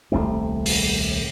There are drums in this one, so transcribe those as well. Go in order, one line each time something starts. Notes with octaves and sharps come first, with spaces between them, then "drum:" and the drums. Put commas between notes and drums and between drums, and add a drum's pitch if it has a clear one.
D#1 C2 A3 C4
drum: open hi-hat